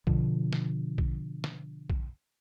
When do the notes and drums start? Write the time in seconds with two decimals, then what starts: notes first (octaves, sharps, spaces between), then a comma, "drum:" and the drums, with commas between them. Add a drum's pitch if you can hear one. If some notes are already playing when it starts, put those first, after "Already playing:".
0.07 B2 D3 F3, drum: kick A#1
0.53 drum: snare
0.98 drum: kick A#1
1.44 drum: snare
1.90 drum: kick A#1